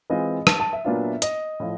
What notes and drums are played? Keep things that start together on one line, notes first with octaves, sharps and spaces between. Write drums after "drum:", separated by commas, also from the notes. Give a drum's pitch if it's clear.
E3 G#3 C4 F4 D#5
A5, drum: rim click
A5
E5
A#2 F#3 B3 D4 F4
D#5, drum: hi-hat
A2 F3